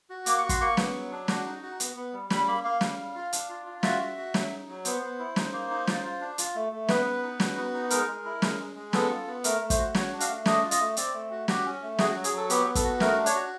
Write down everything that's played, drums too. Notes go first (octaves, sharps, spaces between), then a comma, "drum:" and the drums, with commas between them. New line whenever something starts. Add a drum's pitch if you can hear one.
F#4
A#3 D6, drum: hi-hat
C#6
F#4
C6, drum: kick, hi-hat
A#3 C#6
B3, drum: snare
F#3
D4
F#4, drum: snare
D#4
F#4
B3, drum: hi-hat
B3
G3
G3 B5, drum: snare
A#3 B5
A#3 F5
G3, drum: snare
G3
F4
D4, drum: hi-hat
F4
F4
F#4 E5, drum: snare
F#4
F#4
F#3, drum: snare
D#4
F#3
B3 C5, drum: hi-hat
B3
E4
D#4, drum: snare
A#3
D#4
F4, drum: snare
F4
D4
F4, drum: hi-hat
A3
A3
B3 B4, drum: snare
B3
D#4
F#4, drum: snare
B3
D#4
G#3 A#4, drum: hi-hat
G#3
E4
G#3, drum: snare
G#3
G#3
B3 A4, drum: snare
F4
B3
A3 A#4, drum: hi-hat
A3
C5, drum: kick, hi-hat
F#4
F#4 C#5, drum: snare
D4
F5, drum: hi-hat
A3
D4 D#5, drum: snare
F4
D#5, drum: hi-hat
A3
C4 D5, drum: hi-hat
A3
F#4
F#4 G4, drum: snare
C#4
A3
F#4 G#4, drum: snare
F#4
F#3
G#4, drum: hi-hat
F#3 A4
B3 G4, drum: hi-hat
B3
A4, drum: kick, hi-hat
F#4
A3 A#4, drum: snare
D4
C#5, drum: hi-hat
F#4